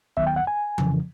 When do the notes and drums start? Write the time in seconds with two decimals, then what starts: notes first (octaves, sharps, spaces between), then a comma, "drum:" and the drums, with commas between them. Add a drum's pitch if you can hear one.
0.17 D#2 D#3 F#3 B3 E5, drum: kick
0.27 G5
0.36 F#5
0.47 G#5
0.78 F2 C#3 E3, drum: tom F3